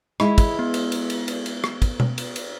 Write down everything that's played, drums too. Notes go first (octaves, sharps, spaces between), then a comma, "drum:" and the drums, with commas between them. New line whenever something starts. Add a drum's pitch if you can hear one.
G#3 E4 B5, drum: rim click
drum: kick, cymbal
B3
drum: cymbal
drum: cymbal
drum: cymbal
drum: cymbal
drum: cymbal
drum: rim click
drum: kick, cymbal
drum: tom B2
drum: cymbal
drum: cymbal